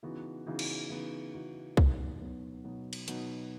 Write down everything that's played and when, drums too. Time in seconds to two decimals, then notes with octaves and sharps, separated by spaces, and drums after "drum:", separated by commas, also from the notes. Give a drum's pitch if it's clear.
0.03 C#3 E3 B3 D#4 F#4
0.46 C#3 E3 B3 D#4 F#4
0.59 drum: cymbal
0.89 C#3 E3 B3 D#4 F#4
1.34 C#3 E3 B3 D#4 F#4
1.77 B2 F#3 B3 D#4, drum: kick C2
2.21 B2 F#3 B3 D#4
2.64 B2 F#3 B3 D#4
2.93 drum: cymbal
3.08 B2 F#3 B3 D#4, drum: hi-hat